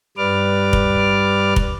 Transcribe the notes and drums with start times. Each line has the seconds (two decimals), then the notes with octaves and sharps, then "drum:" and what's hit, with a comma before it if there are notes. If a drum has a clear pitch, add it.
0.17 G2 G3 B4 D5 D6 F6
0.73 drum: kick F1
1.56 drum: kick F1